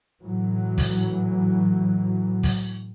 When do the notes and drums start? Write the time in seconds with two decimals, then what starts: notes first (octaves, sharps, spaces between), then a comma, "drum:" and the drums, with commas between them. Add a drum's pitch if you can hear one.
0.22 A2 E3 F#3
0.78 drum: kick, open hi-hat
2.43 drum: kick, open hi-hat